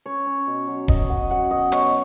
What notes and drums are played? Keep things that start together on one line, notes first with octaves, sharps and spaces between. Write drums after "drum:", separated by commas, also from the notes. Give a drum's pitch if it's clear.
C#4 C#5
C#4
B2
F#3
C#4 D#5, drum: kick D#1
C#4 F#5
F#3 F#5
B2 D#5
B2 C#5, drum: hi-hat